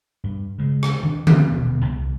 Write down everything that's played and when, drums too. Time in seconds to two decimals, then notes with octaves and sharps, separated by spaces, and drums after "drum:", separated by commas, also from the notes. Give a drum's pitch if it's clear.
0.24 G2
0.58 C#3 G#3
0.83 drum: rim click
1.03 D#3 D4
1.27 F3 C#4, drum: tom D3
1.50 D#1 B2 B3
1.85 C2